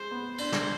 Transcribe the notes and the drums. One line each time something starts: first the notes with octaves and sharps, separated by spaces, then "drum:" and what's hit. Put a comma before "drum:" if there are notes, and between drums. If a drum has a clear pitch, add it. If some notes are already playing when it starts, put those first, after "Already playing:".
Already playing: G#3 C5
B3
D4 C5, drum: cymbal
drum: snare